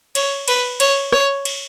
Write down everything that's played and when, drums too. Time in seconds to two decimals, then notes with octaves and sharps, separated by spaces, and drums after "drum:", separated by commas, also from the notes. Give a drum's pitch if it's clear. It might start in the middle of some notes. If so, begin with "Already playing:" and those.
0.15 C#5, drum: cymbal
0.48 B4, drum: cymbal
0.80 C#5, drum: cymbal
1.12 C#5, drum: rim click
1.45 drum: cymbal